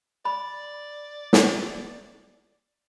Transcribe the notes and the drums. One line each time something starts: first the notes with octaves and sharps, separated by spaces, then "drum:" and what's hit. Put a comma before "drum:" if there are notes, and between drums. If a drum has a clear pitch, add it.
D5 B5
drum: snare